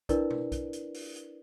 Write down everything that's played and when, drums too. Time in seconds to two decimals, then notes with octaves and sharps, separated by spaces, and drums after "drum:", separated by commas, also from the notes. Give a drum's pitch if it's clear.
0.09 D4 E4 A#4 B4 D5, drum: kick B1, hi-hat
0.30 drum: tom B2
0.52 drum: kick B1, hi-hat
0.73 drum: hi-hat
0.94 drum: open hi-hat
1.16 drum: hi-hat